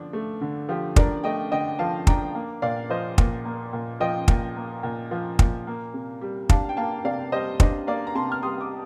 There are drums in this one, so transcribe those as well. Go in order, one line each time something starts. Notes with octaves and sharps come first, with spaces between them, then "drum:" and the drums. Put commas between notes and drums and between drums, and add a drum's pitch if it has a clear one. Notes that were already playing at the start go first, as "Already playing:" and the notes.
Already playing: D3 F3 D4
A3
D3
F3 G4
D4 A#4 D5, drum: kick
A3 D#5 G5
D3 D#5 G5
F3 F5 A5
D4 G5 A#5, drum: kick
A#3
A#2 D5 F5
F3 C5 D#5
A#2, drum: kick
A#3
A#2
F3 D#5 G5
A#2, drum: kick
A#3
A#2
F3
A#2, drum: kick
A#3
C3
G3
D4 F5 A5, drum: kick
G5
A#3 F5 A5
C3 D5 F5
G3 C5 D#5
D4 C5 D#5, drum: kick
A#3 D5 F5
A#5
C3 A5 C6
F6
G3 C6 D#6
D6